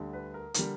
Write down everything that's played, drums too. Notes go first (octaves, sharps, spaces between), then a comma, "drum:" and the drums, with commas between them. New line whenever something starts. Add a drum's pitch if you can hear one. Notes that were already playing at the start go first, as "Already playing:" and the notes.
Already playing: D2 D3 G3
B4
A#4
D3 G3 A#4, drum: hi-hat